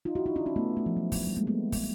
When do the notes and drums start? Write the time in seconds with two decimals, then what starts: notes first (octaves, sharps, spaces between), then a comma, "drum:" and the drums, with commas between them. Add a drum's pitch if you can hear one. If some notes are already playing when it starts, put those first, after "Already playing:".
0.05 D#4 F4
0.15 E4 F#4
0.26 D#4 F4
0.36 D4 E4
0.46 C#4 D#4
0.56 A3 B3
0.77 A3
0.86 F3
0.97 F#3
1.12 drum: kick, open hi-hat
1.27 G3
1.37 G#3 A#3
1.47 A3 B3
1.72 drum: kick, open hi-hat